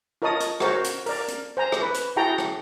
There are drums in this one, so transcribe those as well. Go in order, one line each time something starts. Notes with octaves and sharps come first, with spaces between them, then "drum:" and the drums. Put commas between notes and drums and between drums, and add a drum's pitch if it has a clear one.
F4 A#4 C#5 D#5 A5 D#6
drum: hi-hat
F#4 A#4 C5 C#5, drum: rim click
drum: hi-hat
A#4 D5, drum: open hi-hat
drum: hi-hat
C5 G#5 A#5
drum: rim click
B4
drum: hi-hat
E4 F#4 G#4 G5 A5 A#5
drum: rim click